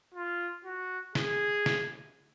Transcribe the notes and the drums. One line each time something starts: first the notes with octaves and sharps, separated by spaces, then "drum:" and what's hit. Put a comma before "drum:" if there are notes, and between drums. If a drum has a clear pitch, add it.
F4
F#4
G#4, drum: snare
drum: snare